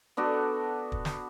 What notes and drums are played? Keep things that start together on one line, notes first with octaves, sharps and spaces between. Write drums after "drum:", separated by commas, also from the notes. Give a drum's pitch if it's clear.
B3 D4 F#4 A4
drum: kick
drum: snare